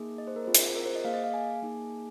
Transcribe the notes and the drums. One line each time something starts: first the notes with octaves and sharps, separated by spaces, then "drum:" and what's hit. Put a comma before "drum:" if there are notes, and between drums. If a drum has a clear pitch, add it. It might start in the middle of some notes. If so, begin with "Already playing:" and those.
Already playing: A#3 D#4 G#4
D#5
C5
A#4
C4 F4 G#4 C5
drum: hi-hat
A#4
C5
D#5
A#3 G#4 F5
D#5
F5
G#5
A#3 D#4 G#4